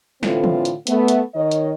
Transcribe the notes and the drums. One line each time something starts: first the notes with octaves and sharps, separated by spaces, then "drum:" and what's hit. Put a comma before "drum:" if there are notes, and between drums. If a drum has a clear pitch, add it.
A2 D3 E3 A3 C4 F4, drum: snare
drum: tom
drum: hi-hat
A3 B3, drum: hi-hat
drum: hi-hat
D#3 C#5 D#5
drum: hi-hat